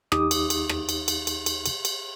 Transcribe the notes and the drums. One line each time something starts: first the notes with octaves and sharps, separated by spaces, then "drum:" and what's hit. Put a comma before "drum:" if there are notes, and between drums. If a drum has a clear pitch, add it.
D#2 D#4 G4 D6 D#6, drum: rim click
drum: cymbal
drum: cymbal
drum: rim click
drum: cymbal
drum: cymbal
drum: cymbal
drum: cymbal
drum: cymbal
drum: cymbal